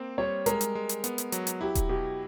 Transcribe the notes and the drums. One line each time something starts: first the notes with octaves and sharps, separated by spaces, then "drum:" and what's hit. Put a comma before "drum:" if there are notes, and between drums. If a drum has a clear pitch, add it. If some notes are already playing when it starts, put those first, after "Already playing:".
Already playing: A#3 C4
G3 C#5
G#3 A#4, drum: hi-hat
drum: hi-hat
G#3
drum: hi-hat
B3, drum: hi-hat
drum: hi-hat
F#3, drum: hi-hat
drum: hi-hat
E4 G4
drum: kick D#1, hi-hat
B2 G4